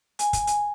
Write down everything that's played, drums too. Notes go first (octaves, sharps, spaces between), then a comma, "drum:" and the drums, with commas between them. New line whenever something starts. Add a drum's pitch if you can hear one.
G#5, drum: hi-hat
drum: kick, hi-hat
drum: hi-hat